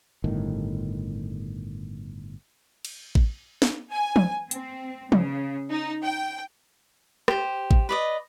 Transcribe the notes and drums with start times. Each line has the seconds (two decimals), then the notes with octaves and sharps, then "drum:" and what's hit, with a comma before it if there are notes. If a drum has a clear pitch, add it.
0.24 G1 A2 D#3
2.85 drum: cymbal
3.15 drum: kick A1
3.62 drum: snare
3.92 G#5
4.16 drum: tom E3
4.51 C4, drum: hi-hat
5.12 C#3, drum: tom E3
5.71 D#4
6.03 G5
7.28 G4 C5, drum: rim click
7.71 drum: kick A1
7.89 B4 D5 D#5